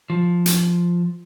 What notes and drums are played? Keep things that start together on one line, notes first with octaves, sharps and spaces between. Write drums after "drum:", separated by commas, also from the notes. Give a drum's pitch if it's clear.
F3
drum: hi-hat